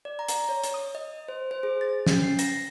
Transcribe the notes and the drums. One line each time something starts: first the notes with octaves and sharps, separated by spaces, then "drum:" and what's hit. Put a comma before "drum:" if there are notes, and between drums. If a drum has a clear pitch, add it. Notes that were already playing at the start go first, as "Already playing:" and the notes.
D5
A#5
drum: hi-hat
C#5
drum: hi-hat
D#6
D#5
C5
C5
G#4
A6
C#4, drum: snare
C7
A#6, drum: hi-hat